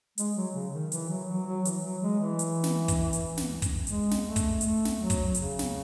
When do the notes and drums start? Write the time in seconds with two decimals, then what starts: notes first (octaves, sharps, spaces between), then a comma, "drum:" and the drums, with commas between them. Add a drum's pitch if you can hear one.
0.18 G#3, drum: hi-hat
0.36 F#3
0.55 C#3
0.73 D#3
0.92 E3, drum: hi-hat
1.09 F#3
1.29 F#3
1.46 F#3
1.65 E3, drum: hi-hat
1.84 F#3
2.02 G#3
2.20 E3
2.39 drum: hi-hat
2.64 drum: snare
2.88 drum: kick, hi-hat
3.13 drum: hi-hat
3.37 drum: snare
3.62 drum: kick, hi-hat
3.87 G#3, drum: hi-hat
4.11 drum: snare
4.24 A3
4.36 drum: kick, hi-hat
4.61 A3, drum: hi-hat
4.85 drum: snare
4.98 F#3
5.10 drum: kick, hi-hat
5.34 C#3, drum: hi-hat
5.59 drum: snare